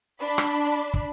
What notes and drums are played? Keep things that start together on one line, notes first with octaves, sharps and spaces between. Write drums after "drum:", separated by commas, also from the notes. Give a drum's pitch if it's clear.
D4 B5
drum: rim click
drum: kick